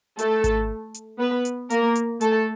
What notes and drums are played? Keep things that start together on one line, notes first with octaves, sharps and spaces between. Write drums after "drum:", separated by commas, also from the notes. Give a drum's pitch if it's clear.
A3 A4, drum: hi-hat
drum: kick G#1, hi-hat
drum: hi-hat
B3 B4
drum: hi-hat
A#3 A#4, drum: hi-hat
drum: hi-hat
A3 A4, drum: hi-hat